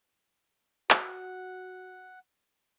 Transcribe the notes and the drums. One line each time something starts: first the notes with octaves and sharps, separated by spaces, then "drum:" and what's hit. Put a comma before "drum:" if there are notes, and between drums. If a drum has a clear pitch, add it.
F#4 F#5, drum: clap